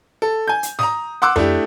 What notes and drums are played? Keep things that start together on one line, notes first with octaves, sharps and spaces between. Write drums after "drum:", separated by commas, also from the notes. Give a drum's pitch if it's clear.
A4
G#5 G6
drum: hi-hat
A#5 D#6, drum: snare
F#5 C6 D6 E6 F#6
A3 D4 E4 G4, drum: tom F2